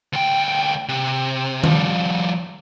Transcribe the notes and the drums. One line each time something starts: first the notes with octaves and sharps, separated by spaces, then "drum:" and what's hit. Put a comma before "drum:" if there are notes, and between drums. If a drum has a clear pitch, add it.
D2 G5
C3
F3 G3, drum: tom D#3